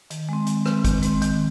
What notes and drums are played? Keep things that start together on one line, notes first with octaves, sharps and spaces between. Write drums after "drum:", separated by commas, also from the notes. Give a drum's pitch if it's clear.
D#3, drum: hi-hat
G#3 C4
D#3, drum: hi-hat
G#3 C4, drum: rim click
D#3, drum: kick G#1, hi-hat
G#3 C4, drum: hi-hat
D#3, drum: hi-hat